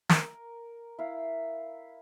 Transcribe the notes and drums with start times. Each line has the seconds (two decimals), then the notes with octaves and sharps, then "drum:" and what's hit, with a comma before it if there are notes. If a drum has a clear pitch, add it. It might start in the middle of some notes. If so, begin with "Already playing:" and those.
0.09 A#4, drum: snare
0.99 E4 F5